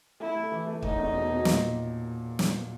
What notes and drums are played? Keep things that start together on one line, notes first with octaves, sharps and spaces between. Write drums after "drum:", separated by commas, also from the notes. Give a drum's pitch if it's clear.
A3 E4
A3
E3
A3
E1 D#4, drum: kick
E2
B2
B2
A#2, drum: snare
drum: snare